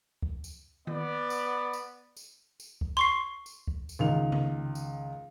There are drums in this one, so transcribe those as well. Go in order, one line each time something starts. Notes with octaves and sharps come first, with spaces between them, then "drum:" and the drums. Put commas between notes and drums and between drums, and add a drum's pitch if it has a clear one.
drum: kick C#2
drum: tambourine
B3 D5, drum: tom D#3
drum: tambourine
drum: tambourine
drum: tambourine
drum: tambourine
drum: kick C#2
C6 C#6 C7
drum: tambourine
drum: kick C#2
drum: tambourine
C#2 D#3 F7
drum: tom C3
drum: tambourine